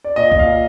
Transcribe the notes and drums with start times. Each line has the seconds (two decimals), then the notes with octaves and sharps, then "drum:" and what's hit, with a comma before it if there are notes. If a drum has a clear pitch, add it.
0.04 D5
0.16 A#2 D#5
0.32 A#2, drum: kick B1
0.39 F5
0.46 A#2